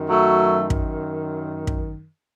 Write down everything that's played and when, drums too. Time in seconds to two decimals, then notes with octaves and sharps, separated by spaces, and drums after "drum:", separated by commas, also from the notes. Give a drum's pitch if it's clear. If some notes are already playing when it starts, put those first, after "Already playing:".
Already playing: F#2 D#3
0.09 F#3 A3
0.70 drum: kick
1.67 drum: kick